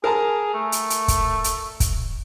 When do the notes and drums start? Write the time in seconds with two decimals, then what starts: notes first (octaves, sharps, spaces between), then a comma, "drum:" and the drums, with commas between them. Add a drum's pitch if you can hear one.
0.04 G#4 A#4 A5 A#5
0.54 A3
0.72 drum: hi-hat
0.90 drum: hi-hat
1.08 drum: kick, hi-hat
1.44 drum: hi-hat
1.80 drum: kick, hi-hat